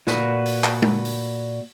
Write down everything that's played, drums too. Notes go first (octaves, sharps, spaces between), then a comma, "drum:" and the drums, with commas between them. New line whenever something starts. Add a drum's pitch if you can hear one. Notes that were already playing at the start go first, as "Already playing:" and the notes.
A#2 F#4 B4, drum: snare
drum: open hi-hat
drum: clap
drum: tom G#3
drum: open hi-hat